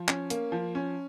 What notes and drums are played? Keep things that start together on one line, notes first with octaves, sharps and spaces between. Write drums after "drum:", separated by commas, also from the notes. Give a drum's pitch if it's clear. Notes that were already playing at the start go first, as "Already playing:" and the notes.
Already playing: F3
C#4, drum: clap
A#3, drum: hi-hat
F3
C#4